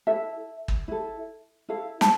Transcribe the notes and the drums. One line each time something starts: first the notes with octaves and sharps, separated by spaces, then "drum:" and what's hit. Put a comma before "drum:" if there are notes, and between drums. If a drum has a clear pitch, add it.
E4 A4 E5
drum: kick
E4 A4
E4 A4 F5
A5, drum: snare